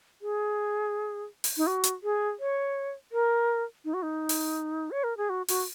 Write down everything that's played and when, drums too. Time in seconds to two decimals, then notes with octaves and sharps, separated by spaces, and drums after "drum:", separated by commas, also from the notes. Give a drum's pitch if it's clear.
0.22 G#4
1.44 drum: open hi-hat
1.57 D#4
1.67 F#4
1.84 drum: hi-hat
2.03 G#4
2.39 C#5
3.12 A#4
3.84 D#4
3.94 F#4
4.03 D#4
4.29 drum: open hi-hat
4.91 C#5
5.04 A#4
5.17 G#4
5.29 F#4
5.48 F#4, drum: open hi-hat